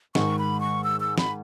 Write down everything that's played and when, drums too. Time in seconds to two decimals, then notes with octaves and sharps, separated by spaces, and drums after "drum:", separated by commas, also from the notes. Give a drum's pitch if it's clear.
0.15 G#2 D#3 G#3 C#6, drum: snare
0.39 B5
0.60 C#6
0.84 E6
1.00 E6
1.18 B5, drum: snare